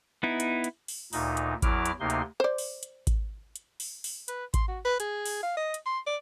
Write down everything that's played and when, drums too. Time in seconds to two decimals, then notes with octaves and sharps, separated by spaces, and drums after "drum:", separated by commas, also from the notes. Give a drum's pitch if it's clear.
0.23 B3 D#4 E4
0.40 drum: hi-hat
0.64 drum: hi-hat
0.88 drum: open hi-hat
1.13 D2 A#2 D#4, drum: open hi-hat
1.37 drum: hi-hat
1.62 E2 F#3 E4 D6 F6, drum: kick G#1, hi-hat
1.86 drum: hi-hat
2.00 D2 C3 A#3 D#4 C6
2.10 drum: hi-hat
2.40 C5 D5
2.58 drum: open hi-hat
2.83 drum: hi-hat
3.07 drum: kick G#1, hi-hat
3.56 drum: hi-hat
3.80 drum: open hi-hat
4.04 drum: open hi-hat
4.28 B4, drum: hi-hat
4.54 C6, drum: kick G#1, hi-hat
4.68 F#4
4.85 B4
5.00 G#4, drum: hi-hat
5.26 drum: open hi-hat
5.43 F5
5.57 D#5
5.74 drum: hi-hat
5.86 C6
6.06 D5